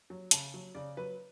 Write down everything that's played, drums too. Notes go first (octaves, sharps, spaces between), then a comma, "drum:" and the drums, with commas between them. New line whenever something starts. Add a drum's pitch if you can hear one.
F#3
C#3 A5, drum: hi-hat
F#3
C#3 D5
F#3 B4